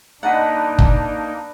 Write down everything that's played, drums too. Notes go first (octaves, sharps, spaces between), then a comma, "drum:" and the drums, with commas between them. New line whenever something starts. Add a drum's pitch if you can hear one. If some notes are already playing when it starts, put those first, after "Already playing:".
A#3 D4 D#4 B4 D#5 F#5 A5
drum: kick